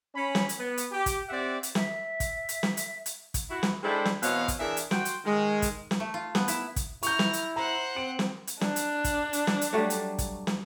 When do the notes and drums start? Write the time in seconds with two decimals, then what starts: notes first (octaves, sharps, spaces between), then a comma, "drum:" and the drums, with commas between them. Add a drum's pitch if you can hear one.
0.15 C#4 B5
0.35 drum: snare
0.49 drum: hi-hat
0.58 B3
0.78 drum: hi-hat
0.92 G4
1.06 drum: kick, hi-hat
1.29 C4 G4 D5 E5 F#5
1.63 drum: hi-hat
1.75 E5, drum: snare
2.20 drum: kick, hi-hat
2.49 drum: hi-hat
2.63 drum: snare
2.77 drum: hi-hat
3.06 drum: hi-hat
3.34 drum: kick, hi-hat
3.50 E4 F#4
3.63 drum: snare
3.83 G#3 D4 E4 A4 C5 G5
4.05 drum: snare
4.23 B2 E3 C4 C#5 D#5 F5, drum: hi-hat
4.48 drum: kick, hi-hat
4.60 E3 D4 G#4 A#4 E5
4.77 drum: hi-hat
4.91 F#4 G5 C6, drum: snare
5.05 drum: hi-hat
5.25 D#3 G#3
5.62 drum: kick, hi-hat
5.91 drum: snare
6.00 A3
6.14 F4
6.35 B3, drum: snare
6.48 E4, drum: hi-hat
6.76 drum: kick, hi-hat
7.03 E4 A#5 C#6 F6 G6, drum: hi-hat
7.19 drum: snare
7.33 drum: hi-hat
7.56 C5 F#5 A#5
7.96 C4 D7
8.19 drum: snare
8.47 drum: hi-hat
8.61 D4, drum: snare
8.76 drum: hi-hat
9.04 drum: kick, hi-hat
9.33 drum: hi-hat
9.47 drum: snare
9.61 drum: hi-hat
9.73 F#3 G3 A3
9.90 drum: hi-hat
10.18 drum: kick, hi-hat
10.47 drum: snare